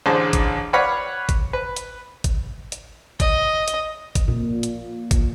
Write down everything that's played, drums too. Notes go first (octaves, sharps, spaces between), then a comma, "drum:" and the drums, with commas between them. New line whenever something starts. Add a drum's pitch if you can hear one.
A1 D3 G#4 C5 A5
drum: kick, hi-hat
B4 C#5 D5 F5 F#5 B5
drum: kick, hi-hat
B4
drum: hi-hat
drum: kick, hi-hat
drum: hi-hat
D#5, drum: kick, hi-hat
drum: hi-hat
drum: kick, hi-hat
A#2
drum: hi-hat
drum: kick, hi-hat